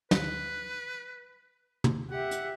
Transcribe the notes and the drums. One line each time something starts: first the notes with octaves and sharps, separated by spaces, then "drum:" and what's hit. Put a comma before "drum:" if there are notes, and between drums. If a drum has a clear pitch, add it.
B4, drum: snare
drum: tom
G4 E5 F#5
drum: hi-hat